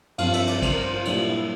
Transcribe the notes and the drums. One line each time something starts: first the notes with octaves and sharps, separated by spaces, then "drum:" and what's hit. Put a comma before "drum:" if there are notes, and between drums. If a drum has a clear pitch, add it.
G2 F3 C4 F4 F5, drum: cymbal
E5, drum: cymbal
D5, drum: cymbal
C5, drum: kick, cymbal
A#4
C5
F4
A#2 G3 D4 E4 F4, drum: cymbal
E4